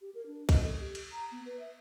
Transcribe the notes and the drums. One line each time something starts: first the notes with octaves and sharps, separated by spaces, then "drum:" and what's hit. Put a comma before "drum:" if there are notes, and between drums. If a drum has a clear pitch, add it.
G4
A#4
D4
D#5, drum: kick B1, cymbal
A4
G4
drum: cymbal
A#5
B3
B4
E5